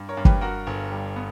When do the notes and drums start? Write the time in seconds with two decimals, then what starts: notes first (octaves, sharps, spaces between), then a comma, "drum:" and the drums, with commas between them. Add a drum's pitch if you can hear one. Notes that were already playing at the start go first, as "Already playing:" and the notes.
Already playing: G2
0.09 A#4 C#5
0.17 G2
0.25 G4 B4, drum: kick
0.41 G2 F#4 A#4
0.67 G1
0.92 G3
1.16 B3